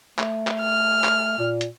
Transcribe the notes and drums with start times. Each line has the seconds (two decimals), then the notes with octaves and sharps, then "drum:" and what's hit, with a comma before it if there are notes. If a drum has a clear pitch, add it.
0.19 A3, drum: clap
0.47 drum: clap
0.61 F6
1.04 drum: clap
1.39 A#2
1.61 drum: hi-hat